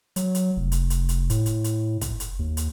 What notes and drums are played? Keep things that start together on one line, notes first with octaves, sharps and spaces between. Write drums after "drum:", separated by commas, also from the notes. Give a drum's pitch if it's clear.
F#3, drum: hi-hat
drum: hi-hat
F1
drum: hi-hat
drum: hi-hat
drum: hi-hat
A2, drum: hi-hat
drum: hi-hat
drum: hi-hat
drum: kick, hi-hat
drum: hi-hat
D#2
drum: hi-hat